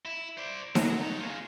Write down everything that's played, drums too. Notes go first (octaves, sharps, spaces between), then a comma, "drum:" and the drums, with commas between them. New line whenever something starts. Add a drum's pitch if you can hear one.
E4
C5 D5
F#3, drum: snare D#4
D#4 C#5
F4 G#4